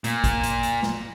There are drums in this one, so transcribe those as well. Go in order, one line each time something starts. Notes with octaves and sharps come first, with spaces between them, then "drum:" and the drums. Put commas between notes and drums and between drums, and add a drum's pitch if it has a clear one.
A#2, drum: hi-hat
drum: kick, hi-hat
drum: hi-hat
drum: hi-hat
drum: snare